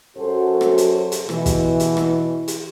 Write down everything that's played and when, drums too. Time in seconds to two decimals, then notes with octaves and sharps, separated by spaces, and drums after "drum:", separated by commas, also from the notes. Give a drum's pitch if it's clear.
0.16 F#2 F#3 F#4 A4 C5
0.61 drum: rim click
0.78 drum: hi-hat
1.12 drum: hi-hat
1.29 B2 E3, drum: rim click
1.46 drum: kick, hi-hat
1.80 drum: hi-hat
1.97 drum: rim click
2.48 drum: hi-hat